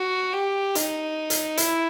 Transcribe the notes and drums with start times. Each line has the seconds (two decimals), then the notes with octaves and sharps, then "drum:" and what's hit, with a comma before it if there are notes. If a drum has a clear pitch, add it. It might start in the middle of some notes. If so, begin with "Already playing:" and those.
Already playing: F#4
0.33 G4
0.75 D#4, drum: hi-hat
1.30 drum: hi-hat
1.57 E4, drum: hi-hat